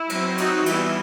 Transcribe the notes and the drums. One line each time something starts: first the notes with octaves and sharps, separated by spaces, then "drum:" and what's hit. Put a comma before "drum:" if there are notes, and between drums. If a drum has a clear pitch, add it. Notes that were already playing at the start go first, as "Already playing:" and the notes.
Already playing: E4
F#3 C4, drum: cymbal
D#4 F#4, drum: cymbal
E3 G3 B3 E4, drum: cymbal